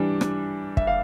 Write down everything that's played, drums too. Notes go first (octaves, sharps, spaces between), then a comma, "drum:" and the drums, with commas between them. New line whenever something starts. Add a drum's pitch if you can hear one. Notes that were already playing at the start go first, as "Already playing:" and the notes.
Already playing: E3 G3 D4
drum: rim click
E5, drum: kick
F5